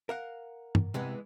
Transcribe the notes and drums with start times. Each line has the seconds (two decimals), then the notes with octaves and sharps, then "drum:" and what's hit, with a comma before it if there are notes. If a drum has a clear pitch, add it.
0.09 A#4 F5 F#5
0.75 drum: tom G2
0.94 C3 E3 G#3 B3